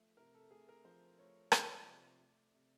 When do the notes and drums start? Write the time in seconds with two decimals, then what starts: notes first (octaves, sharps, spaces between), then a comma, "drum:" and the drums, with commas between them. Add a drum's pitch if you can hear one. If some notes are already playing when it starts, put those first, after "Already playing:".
Already playing: F3 A3 E5
0.17 C3 A#4
0.35 A4
0.51 A3 G#4
0.69 A#4
0.85 F3 C5
1.19 A3 C#5
1.52 F3 D5, drum: rim click
1.86 C3
2.19 A3
2.53 C3